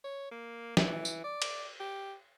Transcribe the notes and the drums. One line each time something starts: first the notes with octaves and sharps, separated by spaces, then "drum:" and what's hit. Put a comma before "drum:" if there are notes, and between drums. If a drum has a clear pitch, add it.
C#5
A#3
E3, drum: snare
drum: tambourine
D5
drum: cymbal
G4